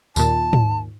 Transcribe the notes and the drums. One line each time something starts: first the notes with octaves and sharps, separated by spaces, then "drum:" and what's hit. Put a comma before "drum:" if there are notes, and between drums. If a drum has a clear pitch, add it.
D#2 A#2 A5, drum: tambourine
drum: tom